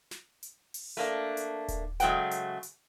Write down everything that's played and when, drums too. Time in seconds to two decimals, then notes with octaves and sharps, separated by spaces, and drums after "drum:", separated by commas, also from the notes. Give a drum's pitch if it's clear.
0.11 drum: snare
0.43 drum: hi-hat
0.74 drum: open hi-hat
0.97 A3 A#3 D4
1.37 drum: hi-hat
1.68 drum: kick D#1, hi-hat
2.00 C#3 F#3 G#3 A3 F#5 G5, drum: hi-hat
2.31 drum: hi-hat
2.63 drum: hi-hat